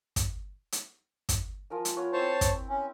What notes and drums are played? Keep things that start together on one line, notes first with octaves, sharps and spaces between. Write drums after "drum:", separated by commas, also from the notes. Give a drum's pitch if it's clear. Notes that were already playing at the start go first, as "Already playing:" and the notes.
drum: kick, hi-hat
drum: hi-hat
drum: kick, hi-hat
F3 A#4 G#5
drum: hi-hat
B3 F4 C#5
C4 E4 C5 C#5 A5
drum: kick, hi-hat
C#4